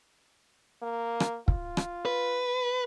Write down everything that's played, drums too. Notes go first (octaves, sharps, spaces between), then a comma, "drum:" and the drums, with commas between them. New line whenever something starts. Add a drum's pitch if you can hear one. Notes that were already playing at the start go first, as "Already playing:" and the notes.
A#3
drum: rim click
F4, drum: kick
drum: rim click
B4